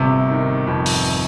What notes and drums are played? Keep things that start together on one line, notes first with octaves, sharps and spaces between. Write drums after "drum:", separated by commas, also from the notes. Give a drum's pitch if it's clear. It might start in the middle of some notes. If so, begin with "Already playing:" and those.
Already playing: G1 C3
D#3
F2
drum: open hi-hat